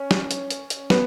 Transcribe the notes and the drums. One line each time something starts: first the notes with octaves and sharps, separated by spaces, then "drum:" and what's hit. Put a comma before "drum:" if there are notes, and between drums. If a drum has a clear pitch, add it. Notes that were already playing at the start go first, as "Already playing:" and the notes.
Already playing: C#4
drum: snare
drum: hi-hat
drum: hi-hat
drum: hi-hat
B3, drum: snare